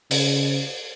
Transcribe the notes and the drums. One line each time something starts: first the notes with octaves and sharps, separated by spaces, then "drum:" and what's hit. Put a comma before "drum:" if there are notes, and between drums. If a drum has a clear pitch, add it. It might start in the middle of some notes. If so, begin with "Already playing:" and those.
C#3, drum: open hi-hat